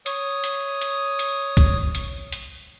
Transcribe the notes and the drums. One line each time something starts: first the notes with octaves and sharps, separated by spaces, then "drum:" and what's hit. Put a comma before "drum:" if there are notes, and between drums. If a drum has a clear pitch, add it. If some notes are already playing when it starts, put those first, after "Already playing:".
C#5 D#6, drum: hi-hat
drum: hi-hat
drum: hi-hat
drum: hi-hat
drum: kick B1, hi-hat
drum: hi-hat
drum: hi-hat